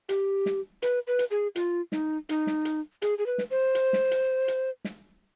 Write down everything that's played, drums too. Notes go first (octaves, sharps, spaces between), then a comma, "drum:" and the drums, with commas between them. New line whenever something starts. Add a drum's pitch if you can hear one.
G4, drum: hi-hat
drum: snare
B4, drum: hi-hat
B4
drum: hi-hat
G#4
F4, drum: hi-hat
D#4, drum: snare
D#4, drum: hi-hat
drum: snare
drum: hi-hat
G#4, drum: hi-hat
G#4
B4
drum: snare
C5
drum: hi-hat
drum: snare
drum: hi-hat
drum: hi-hat
drum: snare